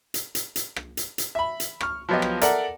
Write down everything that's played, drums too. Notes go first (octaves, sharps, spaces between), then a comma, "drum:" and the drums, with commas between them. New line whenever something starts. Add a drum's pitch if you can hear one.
drum: hi-hat
drum: hi-hat
drum: hi-hat
drum: rim click
drum: hi-hat
drum: hi-hat
E5 B5
drum: hi-hat
C#6 F6, drum: rim click
F3 F#3 B3 F4 G4 D#5
drum: rim click
A4 A#4 D5 E5 F#5, drum: hi-hat